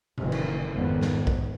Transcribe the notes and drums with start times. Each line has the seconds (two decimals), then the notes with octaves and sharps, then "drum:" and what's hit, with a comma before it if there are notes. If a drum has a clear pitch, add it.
0.18 F#1 F2 A#2 D#3 E3, drum: tom B2
0.32 drum: cymbal
0.72 G#1 F2 D#3 B3
1.01 drum: snare
1.27 drum: kick A#1